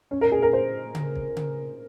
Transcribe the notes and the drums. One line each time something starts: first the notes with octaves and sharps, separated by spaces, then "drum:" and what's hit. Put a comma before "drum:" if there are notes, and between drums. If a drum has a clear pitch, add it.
C#4
A#4
G#4
A#4
C5
drum: tom C#3
drum: kick
drum: tom C#3